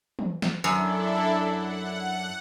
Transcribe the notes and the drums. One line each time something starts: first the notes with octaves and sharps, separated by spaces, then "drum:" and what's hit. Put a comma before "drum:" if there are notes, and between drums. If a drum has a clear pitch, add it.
drum: tom
drum: snare
F#2 D4 E4 A4
F#5